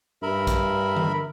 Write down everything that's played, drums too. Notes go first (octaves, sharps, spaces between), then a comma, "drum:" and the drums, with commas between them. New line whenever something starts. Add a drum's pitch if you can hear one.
G2 A#4 E5 B5
drum: kick, hi-hat
drum: tom D3